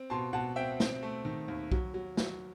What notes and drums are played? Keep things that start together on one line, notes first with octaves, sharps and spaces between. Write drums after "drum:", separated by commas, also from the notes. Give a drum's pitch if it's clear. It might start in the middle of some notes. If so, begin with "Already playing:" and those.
Already playing: C4
B2 A5 C6
B2 F#5 A5
C4 E5 G5
C4, drum: snare
A3
D#3
D#2
F#3, drum: kick B1
F#3
F#3, drum: snare